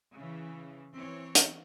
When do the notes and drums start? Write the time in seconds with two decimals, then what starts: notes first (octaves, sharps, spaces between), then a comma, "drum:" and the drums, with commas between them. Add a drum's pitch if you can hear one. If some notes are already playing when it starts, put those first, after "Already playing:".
0.13 C#3 E3
0.94 E3 C4 C#5
1.35 drum: hi-hat